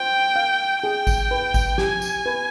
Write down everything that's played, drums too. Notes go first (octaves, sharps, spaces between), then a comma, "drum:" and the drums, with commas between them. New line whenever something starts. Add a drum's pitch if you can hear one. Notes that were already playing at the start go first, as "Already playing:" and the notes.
Already playing: C5 G5
F5
G#4 G5
drum: kick G#1, tambourine
B4
drum: kick G#1, tambourine
G4 G#5, drum: snare
drum: tambourine
B4